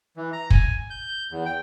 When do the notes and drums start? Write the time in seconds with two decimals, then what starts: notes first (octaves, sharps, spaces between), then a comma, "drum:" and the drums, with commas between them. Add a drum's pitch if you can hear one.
0.17 E3
0.33 A#5
0.50 G#5, drum: kick
0.90 G6
1.31 E2
1.46 G5